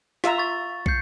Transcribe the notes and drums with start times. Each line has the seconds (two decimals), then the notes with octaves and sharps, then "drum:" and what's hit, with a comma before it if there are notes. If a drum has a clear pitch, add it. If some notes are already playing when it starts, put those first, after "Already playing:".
0.24 F4 E5 A#5, drum: snare
0.38 C#6 A6
0.86 G6 C7 C#7, drum: kick